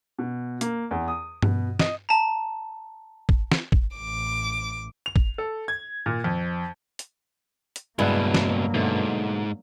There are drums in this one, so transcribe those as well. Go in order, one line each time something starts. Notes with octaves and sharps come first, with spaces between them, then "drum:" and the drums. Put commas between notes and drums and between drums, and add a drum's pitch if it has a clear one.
B2
A#3, drum: hi-hat
E2
D#6
B2, drum: tom G2
D#5, drum: snare
A5 A#5
drum: kick
drum: snare
drum: kick
A1 D6
F7
drum: kick
A4
G#6
A#2
F2
drum: hi-hat
drum: hi-hat
C#2 G2 B2 F#3 G#3 A#3 E4 F#5
drum: snare
G#2 B2 D3 A3